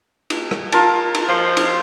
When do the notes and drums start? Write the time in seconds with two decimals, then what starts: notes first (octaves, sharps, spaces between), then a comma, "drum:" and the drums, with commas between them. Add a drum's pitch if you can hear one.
0.30 drum: cymbal
0.51 drum: rim click
0.72 F4 A#4 A5, drum: cymbal
1.15 drum: cymbal
1.29 F3 C5
1.57 drum: cymbal